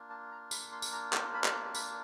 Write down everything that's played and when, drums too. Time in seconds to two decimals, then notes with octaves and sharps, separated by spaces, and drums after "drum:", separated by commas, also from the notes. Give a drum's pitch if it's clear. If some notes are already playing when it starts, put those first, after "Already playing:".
Already playing: A#3 D4 F4
0.10 A5
0.31 A#5
0.51 B5, drum: tambourine
0.72 C6
0.82 drum: tambourine
0.93 A#5
1.13 B5, drum: clap
1.34 B5
1.44 drum: clap
1.55 A#5
1.75 B5, drum: tambourine